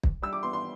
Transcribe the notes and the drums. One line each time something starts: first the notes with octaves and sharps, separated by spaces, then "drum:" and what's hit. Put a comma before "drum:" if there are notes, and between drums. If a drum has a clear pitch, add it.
drum: kick
G3 E6
D6
B3 C6
C6